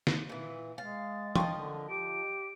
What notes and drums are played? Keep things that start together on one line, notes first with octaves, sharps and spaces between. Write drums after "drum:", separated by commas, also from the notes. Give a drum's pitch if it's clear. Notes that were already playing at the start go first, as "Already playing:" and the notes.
drum: snare
A#2 E3
G#3 F5 A6
F3 A#4 D#5 G5 C6 C#6, drum: tom
D3
G4 D7